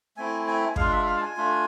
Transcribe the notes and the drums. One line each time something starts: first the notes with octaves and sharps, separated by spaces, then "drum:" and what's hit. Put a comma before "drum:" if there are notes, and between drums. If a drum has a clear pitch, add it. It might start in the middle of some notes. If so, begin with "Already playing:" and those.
A3 C4 E4 G#5
G#5
G#3 D4 F4 F5, drum: kick
E5
F5
A5
G#5
A3 D4 F4